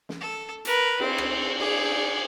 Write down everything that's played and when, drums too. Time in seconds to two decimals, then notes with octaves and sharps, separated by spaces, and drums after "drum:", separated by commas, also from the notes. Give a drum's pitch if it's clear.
0.09 drum: snare
0.21 A4
0.65 A#4 B4, drum: hi-hat
1.00 C4, drum: cymbal
1.18 drum: rim click
1.60 G#4 D5, drum: cymbal